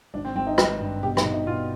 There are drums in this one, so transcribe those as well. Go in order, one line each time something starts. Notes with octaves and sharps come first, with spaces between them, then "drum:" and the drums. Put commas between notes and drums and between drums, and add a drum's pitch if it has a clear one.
G#1 D4
C4
G#1 C4
D#4
G#1 B4, drum: rim click
G2
B2 G4
D#4, drum: rim click
B2
D#4
B2 F4